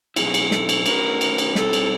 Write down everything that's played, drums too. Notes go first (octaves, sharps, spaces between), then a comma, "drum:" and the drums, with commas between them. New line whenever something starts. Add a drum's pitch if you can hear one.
B2 F#3 A3 C4 E4 G#4, drum: cymbal
drum: cymbal
A4, drum: snare
drum: cymbal
A3 C#4 F#4 A#4 B4, drum: cymbal
drum: cymbal
drum: cymbal
B2 G3 C4 E4 A4, drum: snare
drum: cymbal